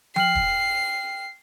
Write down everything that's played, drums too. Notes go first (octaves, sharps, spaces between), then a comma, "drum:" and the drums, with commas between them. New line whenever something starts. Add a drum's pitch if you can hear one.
G5 F6 C7 F#7, drum: tom F3
drum: kick